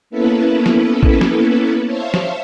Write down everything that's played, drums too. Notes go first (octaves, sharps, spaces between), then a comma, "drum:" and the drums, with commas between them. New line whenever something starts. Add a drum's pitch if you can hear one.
A#3 B3 C#4 E4 A4 B4
drum: snare
drum: kick
drum: snare
C5 C#5 E5 F5 A5
drum: snare